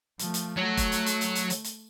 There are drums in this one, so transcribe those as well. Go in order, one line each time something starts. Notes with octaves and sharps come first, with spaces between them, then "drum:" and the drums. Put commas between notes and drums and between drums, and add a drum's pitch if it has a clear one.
F3 A3, drum: hi-hat
drum: hi-hat
F#3 A3
drum: kick E1, hi-hat
drum: hi-hat
drum: hi-hat
drum: hi-hat
drum: hi-hat
drum: hi-hat
drum: hi-hat